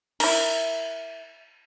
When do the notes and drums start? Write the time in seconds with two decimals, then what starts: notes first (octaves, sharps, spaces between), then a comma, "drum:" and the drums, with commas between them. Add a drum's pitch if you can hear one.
0.20 E4 A#4, drum: cymbal